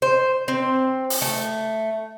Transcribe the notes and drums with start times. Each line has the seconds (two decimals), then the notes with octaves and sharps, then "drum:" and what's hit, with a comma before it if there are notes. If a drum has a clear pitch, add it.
0.02 C5
0.48 C4
1.10 drum: open hi-hat
1.22 A3